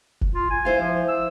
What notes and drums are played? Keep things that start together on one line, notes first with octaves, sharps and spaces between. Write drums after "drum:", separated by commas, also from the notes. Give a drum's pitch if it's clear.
drum: kick F1
F4
G#5
E4 C5 F5
F3
E6